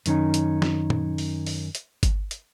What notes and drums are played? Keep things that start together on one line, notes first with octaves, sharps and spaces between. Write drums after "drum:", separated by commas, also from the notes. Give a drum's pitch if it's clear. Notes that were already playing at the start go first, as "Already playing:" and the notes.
F#2 D#3 C#4 D#4, drum: hi-hat
drum: hi-hat
drum: snare
drum: tom A#2
drum: open hi-hat
drum: open hi-hat
drum: hi-hat
drum: kick G1, hi-hat
drum: hi-hat